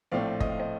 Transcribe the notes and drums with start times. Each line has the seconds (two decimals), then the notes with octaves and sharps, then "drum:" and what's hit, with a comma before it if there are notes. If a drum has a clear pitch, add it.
0.12 A#1 A2 A3 C4 D5 F5
0.40 D#5, drum: kick
0.50 F5
0.60 C5 D#5